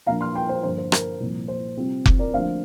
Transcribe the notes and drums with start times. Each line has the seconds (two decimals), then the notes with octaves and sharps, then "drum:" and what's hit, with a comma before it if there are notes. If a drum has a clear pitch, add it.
0.06 A#2 F3 A#3 D4 F5 A#5
0.21 C6 F6
0.35 G5 C6
0.49 C5
0.63 G2 D3 F3 A#3 D4 C5
0.78 C5
0.92 A#4, drum: rim click
1.20 C2 A#2 F3
1.48 C5
1.77 C3 G3 C4 F4
2.06 drum: kick F1
2.19 A#4 D5
2.33 D2 D3 F3 A#3 D4 C5 F5